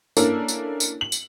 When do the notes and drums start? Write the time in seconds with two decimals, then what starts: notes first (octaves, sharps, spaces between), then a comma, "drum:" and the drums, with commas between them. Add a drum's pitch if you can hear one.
0.17 A#3 C#4 D4 E4 A4 A#4, drum: tambourine
0.48 drum: tambourine
0.80 drum: tambourine
1.01 F#7
1.12 drum: tambourine